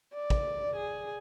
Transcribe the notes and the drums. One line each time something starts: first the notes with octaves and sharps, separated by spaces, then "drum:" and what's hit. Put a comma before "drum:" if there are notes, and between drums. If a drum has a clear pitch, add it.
D5
drum: kick
G#4